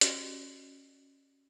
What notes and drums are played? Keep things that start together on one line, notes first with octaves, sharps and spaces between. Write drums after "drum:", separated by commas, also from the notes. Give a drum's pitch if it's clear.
C#4 F#4 G4 D5 D#5, drum: hi-hat